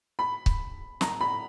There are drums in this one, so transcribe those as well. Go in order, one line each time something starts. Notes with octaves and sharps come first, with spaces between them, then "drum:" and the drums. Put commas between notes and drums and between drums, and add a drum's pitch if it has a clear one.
B5
drum: kick C#1
A#5, drum: snare
B5